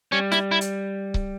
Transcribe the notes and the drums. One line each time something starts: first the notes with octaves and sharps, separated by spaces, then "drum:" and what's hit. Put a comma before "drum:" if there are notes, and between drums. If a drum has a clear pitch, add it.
G3 C#4
E4, drum: snare
E4
drum: hi-hat
drum: kick C#1